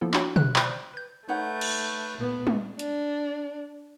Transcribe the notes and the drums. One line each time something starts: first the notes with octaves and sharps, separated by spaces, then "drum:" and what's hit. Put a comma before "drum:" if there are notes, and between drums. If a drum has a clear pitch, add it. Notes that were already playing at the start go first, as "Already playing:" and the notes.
F3 A#3 B3 E4 F4 A4
D4 F#4 C#5 G5, drum: clap
F#6, drum: tom
C5 D5 G5 F#6 G6, drum: clap
B4 G6
A3 D#4 B4 C#5 F#5 G6
drum: cymbal
A#2 B3
drum: tom
D4, drum: hi-hat